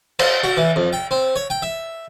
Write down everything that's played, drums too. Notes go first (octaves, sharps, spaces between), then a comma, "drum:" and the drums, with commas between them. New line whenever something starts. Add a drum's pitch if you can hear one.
C5, drum: cymbal
F#4
E3
F2
G5
C4
C#5
G5
E5